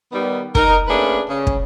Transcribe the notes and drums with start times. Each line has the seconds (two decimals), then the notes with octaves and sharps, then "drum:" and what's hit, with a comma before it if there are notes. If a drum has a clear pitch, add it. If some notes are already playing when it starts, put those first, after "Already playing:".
0.12 D#3 G3 B3
0.55 D#4 A#4, drum: kick
0.88 A3 A#3 C#4 D4 G#4 B4
1.29 C#3
1.47 drum: kick